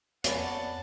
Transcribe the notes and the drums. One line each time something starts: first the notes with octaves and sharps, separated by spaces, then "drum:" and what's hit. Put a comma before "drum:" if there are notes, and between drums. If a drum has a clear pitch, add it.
F2 B3 C#5 D5 F#5 G#5 A5, drum: hi-hat